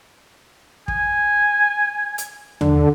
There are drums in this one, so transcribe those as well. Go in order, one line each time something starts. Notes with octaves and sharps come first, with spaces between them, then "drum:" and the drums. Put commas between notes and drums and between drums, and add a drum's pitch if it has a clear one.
G#5, drum: kick
drum: hi-hat
D3, drum: tom D#2